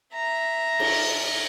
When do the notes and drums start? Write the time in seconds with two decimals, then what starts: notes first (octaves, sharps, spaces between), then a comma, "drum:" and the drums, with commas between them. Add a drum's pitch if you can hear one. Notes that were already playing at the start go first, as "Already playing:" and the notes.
0.15 E5 A#5
0.79 drum: cymbal